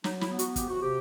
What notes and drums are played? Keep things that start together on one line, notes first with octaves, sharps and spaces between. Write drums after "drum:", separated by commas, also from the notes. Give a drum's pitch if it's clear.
F#3 D#4, drum: snare
E4, drum: snare
B3
F#4, drum: hi-hat
C3 G4, drum: kick, hi-hat
F#4
C3 G4